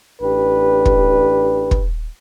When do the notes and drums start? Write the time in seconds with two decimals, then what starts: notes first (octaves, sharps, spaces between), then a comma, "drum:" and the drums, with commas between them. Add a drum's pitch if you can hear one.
0.21 A1 D4 G4 B4
0.85 drum: kick
1.71 drum: kick